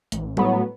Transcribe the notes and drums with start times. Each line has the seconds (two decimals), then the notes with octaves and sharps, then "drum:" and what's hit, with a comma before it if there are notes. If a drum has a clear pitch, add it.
0.12 A1, drum: hi-hat
0.37 A2 F#3 B3, drum: tom G3